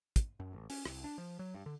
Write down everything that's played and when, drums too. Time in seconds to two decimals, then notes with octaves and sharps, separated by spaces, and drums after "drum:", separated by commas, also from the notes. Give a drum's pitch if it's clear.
0.16 drum: kick, hi-hat
0.40 F#2
0.53 A1
0.70 C#4, drum: open hi-hat
0.85 C2, drum: rim click
1.04 D4
1.18 F3
1.39 F#3
1.54 G2
1.66 D3